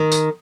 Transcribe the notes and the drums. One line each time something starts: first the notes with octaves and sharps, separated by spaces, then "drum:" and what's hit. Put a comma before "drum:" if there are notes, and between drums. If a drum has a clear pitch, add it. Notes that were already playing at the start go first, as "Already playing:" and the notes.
Already playing: D#3
drum: tambourine